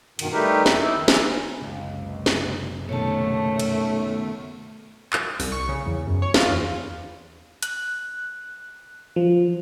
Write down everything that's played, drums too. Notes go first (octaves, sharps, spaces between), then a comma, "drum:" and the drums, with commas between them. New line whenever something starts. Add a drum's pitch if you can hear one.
G2 B2 D#3, drum: cymbal
G3 A3 D#4 G4 A#4 B4
F2 E5, drum: snare
D#4 E4
F2 D#3
C#4, drum: snare
F#1 C#2 C3
drum: snare
B2 D#3 A3 C#5 A5
drum: cymbal
drum: clap
C2, drum: open hi-hat
C#6
C#3
E2
F#2
C#5
F4, drum: snare
E2
F#6, drum: hi-hat
F3